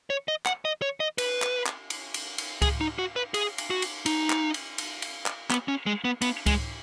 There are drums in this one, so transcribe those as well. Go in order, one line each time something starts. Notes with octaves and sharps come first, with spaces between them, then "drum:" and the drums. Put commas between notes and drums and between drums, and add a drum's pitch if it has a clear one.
C#5
D#5
F#5, drum: clap
D#5
C#5
D#5
B4, drum: cymbal
drum: clap
drum: clap
drum: cymbal
drum: cymbal
drum: cymbal
G#4, drum: kick C#2, cymbal
D#4
F#4
B4
G#4, drum: cymbal
drum: cymbal
F#4
drum: cymbal
D#4, drum: cymbal
drum: clap
drum: cymbal
drum: cymbal
drum: cymbal
drum: clap
B3, drum: clap
C#4
G#3
B3
B3, drum: cymbal
G#3, drum: kick C#2, cymbal